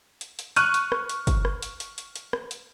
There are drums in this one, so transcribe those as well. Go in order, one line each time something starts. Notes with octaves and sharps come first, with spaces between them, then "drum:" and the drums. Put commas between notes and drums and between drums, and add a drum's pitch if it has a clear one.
drum: hi-hat
drum: hi-hat
C#6 F6 F#6 D#7, drum: hi-hat
drum: hi-hat
drum: rim click
drum: hi-hat
drum: kick, hi-hat
drum: rim click
drum: hi-hat
drum: hi-hat
drum: hi-hat
drum: hi-hat
drum: rim click
drum: hi-hat